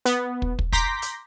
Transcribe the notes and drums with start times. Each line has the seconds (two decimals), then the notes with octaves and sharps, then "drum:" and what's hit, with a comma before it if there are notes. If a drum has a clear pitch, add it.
0.05 B3, drum: hi-hat
0.42 drum: kick
0.59 drum: kick
0.72 A#5 C6 D6 G6 A#6 B6, drum: kick
1.02 drum: hi-hat